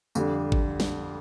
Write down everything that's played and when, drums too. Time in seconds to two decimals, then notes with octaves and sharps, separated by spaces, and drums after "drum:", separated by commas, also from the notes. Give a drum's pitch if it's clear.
0.15 F2 D3 G3 D4, drum: tambourine
0.52 drum: kick G#1
0.80 drum: snare